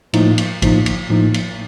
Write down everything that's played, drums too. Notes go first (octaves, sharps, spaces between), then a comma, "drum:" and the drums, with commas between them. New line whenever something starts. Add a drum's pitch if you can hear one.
A2 F3 A#3 D#4, drum: cymbal
drum: cymbal
A2 F3 A#3 D#4, drum: kick, cymbal
drum: cymbal
A2 F3 A#3 D#4
drum: cymbal